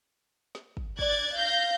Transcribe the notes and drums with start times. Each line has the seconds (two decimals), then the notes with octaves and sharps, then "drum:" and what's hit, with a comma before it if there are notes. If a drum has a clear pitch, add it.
0.55 drum: snare
0.77 drum: kick
0.99 D5 F#6 G#6 A6, drum: kick
1.36 F5 G6 A#6